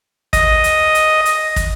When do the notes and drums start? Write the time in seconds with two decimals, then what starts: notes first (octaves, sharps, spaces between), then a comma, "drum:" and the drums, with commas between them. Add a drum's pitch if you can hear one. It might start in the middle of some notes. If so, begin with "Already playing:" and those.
0.33 D#5, drum: kick, hi-hat
0.64 drum: hi-hat
0.95 drum: hi-hat
1.25 drum: hi-hat
1.56 drum: kick, hi-hat